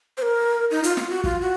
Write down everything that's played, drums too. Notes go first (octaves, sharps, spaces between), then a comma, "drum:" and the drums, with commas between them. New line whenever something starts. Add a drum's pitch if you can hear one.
C5
A#4
D#4
F4, drum: hi-hat
F4, drum: snare
F#4
F4, drum: kick
F#4